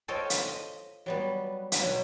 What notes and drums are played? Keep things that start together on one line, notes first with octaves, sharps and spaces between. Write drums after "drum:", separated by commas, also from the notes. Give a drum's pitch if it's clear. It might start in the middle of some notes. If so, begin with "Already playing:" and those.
F4 A4 C5 C#5 D#5 G5
drum: hi-hat
D#5
F#3 G3 B3
drum: hi-hat
B2 F#3